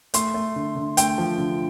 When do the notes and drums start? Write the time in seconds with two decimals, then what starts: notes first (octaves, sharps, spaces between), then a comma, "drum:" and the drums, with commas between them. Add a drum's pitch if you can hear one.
0.14 A3 C6, drum: hi-hat
0.34 A3
0.56 D3
0.76 D3
0.97 A3 G5, drum: hi-hat
1.18 F3
1.38 D3